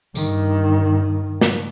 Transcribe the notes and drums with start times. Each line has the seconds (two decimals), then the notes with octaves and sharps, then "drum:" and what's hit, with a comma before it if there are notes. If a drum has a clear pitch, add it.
0.15 G2 D#3, drum: tambourine
1.41 drum: snare